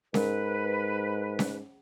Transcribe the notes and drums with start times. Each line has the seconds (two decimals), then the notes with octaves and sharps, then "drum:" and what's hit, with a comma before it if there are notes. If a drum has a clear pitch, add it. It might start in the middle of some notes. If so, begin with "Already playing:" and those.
0.14 G#2 A#4 B4, drum: snare C#4
1.39 drum: snare C#4